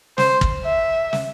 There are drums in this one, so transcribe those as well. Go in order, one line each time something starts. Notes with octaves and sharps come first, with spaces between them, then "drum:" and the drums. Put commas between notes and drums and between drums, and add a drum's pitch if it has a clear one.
C5, drum: snare
drum: kick
E5
drum: snare